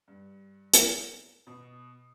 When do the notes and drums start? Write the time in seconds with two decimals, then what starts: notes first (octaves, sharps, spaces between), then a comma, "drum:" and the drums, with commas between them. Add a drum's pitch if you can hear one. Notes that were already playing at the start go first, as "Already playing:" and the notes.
0.08 G2
0.74 drum: hi-hat
1.47 B2